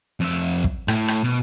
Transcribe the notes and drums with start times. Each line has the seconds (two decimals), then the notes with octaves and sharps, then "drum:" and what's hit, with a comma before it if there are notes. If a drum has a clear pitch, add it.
0.20 F2 E5
0.64 drum: kick
0.88 A2, drum: rim click
1.08 drum: rim click
1.24 B2